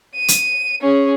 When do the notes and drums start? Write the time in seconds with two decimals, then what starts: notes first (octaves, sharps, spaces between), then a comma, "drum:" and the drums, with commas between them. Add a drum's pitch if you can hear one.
0.15 D#7
0.28 drum: hi-hat
0.82 C#4 G#4